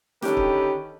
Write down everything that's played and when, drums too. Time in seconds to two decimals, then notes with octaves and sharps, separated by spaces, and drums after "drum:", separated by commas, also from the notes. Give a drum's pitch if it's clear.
0.22 D3 D#3 C#4 G4 A4 B4, drum: snare
0.37 drum: kick